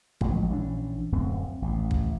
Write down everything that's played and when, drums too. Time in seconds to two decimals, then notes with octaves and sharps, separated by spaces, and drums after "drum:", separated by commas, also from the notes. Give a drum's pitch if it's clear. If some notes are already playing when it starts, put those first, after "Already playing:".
0.21 A1 F3 G#3, drum: kick
0.50 A#1 E3 C#4 D4
1.12 D1 F#2 A2 C4
1.62 A1
1.91 drum: kick